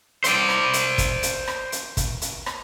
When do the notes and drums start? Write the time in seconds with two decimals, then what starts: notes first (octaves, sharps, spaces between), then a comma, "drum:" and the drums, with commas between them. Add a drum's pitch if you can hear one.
0.24 C5 D5, drum: hi-hat
0.49 drum: rim click
0.73 drum: hi-hat
0.98 drum: kick, hi-hat
1.23 drum: hi-hat
1.47 drum: rim click
1.72 drum: hi-hat
1.97 drum: kick, hi-hat
2.22 drum: hi-hat
2.46 drum: rim click